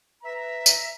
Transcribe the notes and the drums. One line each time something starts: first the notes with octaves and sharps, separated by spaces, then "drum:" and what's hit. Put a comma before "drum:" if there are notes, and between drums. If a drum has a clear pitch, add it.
B4 E5 A#5
drum: tambourine